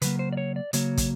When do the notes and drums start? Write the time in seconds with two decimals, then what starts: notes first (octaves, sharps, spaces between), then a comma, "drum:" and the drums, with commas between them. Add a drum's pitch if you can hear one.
0.02 C#3 F#3 A#3 B4, drum: hi-hat
0.19 C5
0.32 D5
0.37 C#5
0.56 D5
0.73 C#3 F#3 A#3 C#5, drum: hi-hat
0.97 drum: kick, hi-hat